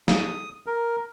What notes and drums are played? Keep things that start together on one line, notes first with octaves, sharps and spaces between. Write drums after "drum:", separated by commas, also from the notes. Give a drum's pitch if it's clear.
D#6, drum: snare
A#4